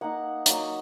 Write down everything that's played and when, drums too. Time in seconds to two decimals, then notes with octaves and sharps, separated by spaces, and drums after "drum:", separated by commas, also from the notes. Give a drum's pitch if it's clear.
0.01 A#3 D#4 F#5
0.46 F#3 A#3 D#4, drum: hi-hat